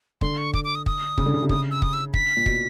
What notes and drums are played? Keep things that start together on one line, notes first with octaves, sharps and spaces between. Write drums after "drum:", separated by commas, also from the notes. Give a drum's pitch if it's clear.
D3 C6, drum: kick
C#6
D6, drum: kick
D6
D#6
D#6, drum: kick
C#3, drum: kick
D3
C#3
C3
C#3 D#6, drum: kick
E6
D#6, drum: kick
E6
B6, drum: kick
A#2
B2, drum: kick